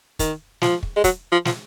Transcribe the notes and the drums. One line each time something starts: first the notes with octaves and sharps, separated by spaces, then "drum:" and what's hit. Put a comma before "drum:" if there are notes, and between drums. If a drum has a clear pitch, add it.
D#3, drum: kick, hi-hat
F3, drum: snare
drum: kick
G#3
F#3, drum: kick, hi-hat
F3
F3, drum: snare